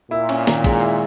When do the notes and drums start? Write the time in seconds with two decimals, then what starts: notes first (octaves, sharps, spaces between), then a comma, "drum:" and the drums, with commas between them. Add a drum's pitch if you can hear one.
0.11 A#2 E4
0.29 C#4, drum: cymbal
0.47 D#3, drum: snare
0.64 G#3, drum: kick, cymbal
0.82 E4